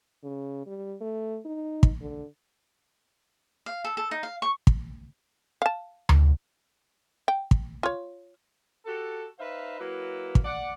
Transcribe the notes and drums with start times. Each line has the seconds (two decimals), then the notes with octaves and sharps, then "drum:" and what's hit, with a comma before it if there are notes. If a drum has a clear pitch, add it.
0.24 C#3
0.67 G3
1.01 A3
1.46 D#4
1.83 drum: kick
2.01 D3
3.66 F5
3.84 A4
3.97 A4
4.11 D#4
4.23 F5
4.42 C#6
4.67 drum: kick
5.62 F5 A5
6.09 drum: tom D2
7.28 G5
7.51 drum: kick
7.83 F4 C#5
8.85 F#4 G4 A4
9.39 D#4 B4 C5 E5 F5
9.79 F#3 A#3 E4 B4
10.35 drum: kick
10.44 D5 F#5